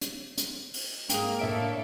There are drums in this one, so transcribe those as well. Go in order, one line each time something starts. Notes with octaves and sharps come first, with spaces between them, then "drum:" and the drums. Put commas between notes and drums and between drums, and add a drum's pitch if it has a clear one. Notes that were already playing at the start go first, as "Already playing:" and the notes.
drum: hi-hat
drum: hi-hat
drum: open hi-hat
G#2 A#3 G#4 G5, drum: hi-hat
A2 D4 A4 C#5 E5 D7